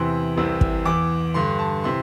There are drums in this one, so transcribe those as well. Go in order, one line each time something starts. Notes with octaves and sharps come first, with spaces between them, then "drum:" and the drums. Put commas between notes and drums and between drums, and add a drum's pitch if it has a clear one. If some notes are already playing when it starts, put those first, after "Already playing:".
Already playing: E2 C3 E3 C6
C2 C3 E3
drum: kick
E2 E3 D6
G2 D3 C6
A5
C3 E3 C6